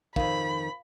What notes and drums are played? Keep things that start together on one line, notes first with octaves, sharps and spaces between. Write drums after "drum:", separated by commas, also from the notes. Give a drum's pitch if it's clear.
F2 D#3 F5 B5, drum: kick